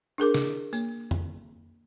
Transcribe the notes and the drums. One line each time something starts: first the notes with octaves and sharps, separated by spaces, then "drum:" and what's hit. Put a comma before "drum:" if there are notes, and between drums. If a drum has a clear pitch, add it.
D4 G#4 A#4 D6
drum: snare
A#3, drum: tambourine
drum: tom F2